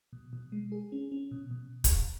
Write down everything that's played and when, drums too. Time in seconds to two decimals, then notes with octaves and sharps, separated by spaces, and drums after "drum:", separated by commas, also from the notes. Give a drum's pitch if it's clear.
0.13 B2
0.33 B2
0.52 G#3
0.72 G#4
0.92 C#4
1.12 C#4
1.31 B2
1.51 B2
1.84 drum: kick, hi-hat